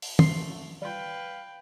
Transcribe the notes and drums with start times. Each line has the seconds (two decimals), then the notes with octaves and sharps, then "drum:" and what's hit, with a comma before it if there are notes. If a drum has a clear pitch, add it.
0.02 drum: open hi-hat
0.19 A3 C6, drum: tom
0.82 G3 F4 B4 F5 G5